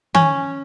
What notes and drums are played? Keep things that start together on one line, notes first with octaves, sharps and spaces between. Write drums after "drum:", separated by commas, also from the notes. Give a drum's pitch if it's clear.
C#4, drum: tom D#3